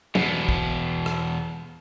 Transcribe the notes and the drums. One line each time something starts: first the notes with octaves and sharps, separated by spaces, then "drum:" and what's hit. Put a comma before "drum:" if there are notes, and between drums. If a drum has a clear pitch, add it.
E2 B2, drum: tom
drum: kick
drum: rim click